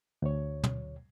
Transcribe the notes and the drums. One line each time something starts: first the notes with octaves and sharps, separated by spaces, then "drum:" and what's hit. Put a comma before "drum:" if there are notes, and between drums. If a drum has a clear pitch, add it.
D2 C#5
drum: tom